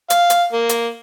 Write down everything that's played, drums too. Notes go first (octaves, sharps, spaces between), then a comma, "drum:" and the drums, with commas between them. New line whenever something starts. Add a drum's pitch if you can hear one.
F5, drum: hi-hat
drum: hi-hat
A#3
drum: hi-hat